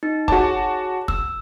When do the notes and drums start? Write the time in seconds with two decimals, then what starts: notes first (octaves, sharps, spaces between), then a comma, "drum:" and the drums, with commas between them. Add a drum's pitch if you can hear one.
0.03 D#4
0.28 F#4 G#4 C#5 A5 D6, drum: kick
1.08 E6, drum: kick